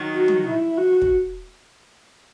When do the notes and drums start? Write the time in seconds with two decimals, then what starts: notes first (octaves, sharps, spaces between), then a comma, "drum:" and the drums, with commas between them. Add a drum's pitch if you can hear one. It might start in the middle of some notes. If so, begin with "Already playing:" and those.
Already playing: D#3 F#3
0.16 F#4
0.28 drum: tom
0.47 E4
0.77 F#4
1.02 drum: kick